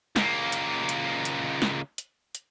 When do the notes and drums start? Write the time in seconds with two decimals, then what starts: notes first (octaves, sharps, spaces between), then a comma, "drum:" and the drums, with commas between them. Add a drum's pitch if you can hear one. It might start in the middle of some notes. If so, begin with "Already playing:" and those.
0.16 C#2 A#3, drum: snare
0.52 drum: hi-hat
0.89 drum: hi-hat
1.25 drum: hi-hat
1.62 drum: snare
1.98 drum: hi-hat
2.35 drum: hi-hat